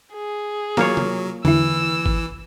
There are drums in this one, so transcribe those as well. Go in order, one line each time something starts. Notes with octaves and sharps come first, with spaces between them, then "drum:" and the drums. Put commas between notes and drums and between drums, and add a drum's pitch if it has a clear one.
G#4
F#3 A#3 F4 C#5, drum: snare
drum: tom C3
D3 E3 E4 E6, drum: tom E2
drum: kick G#1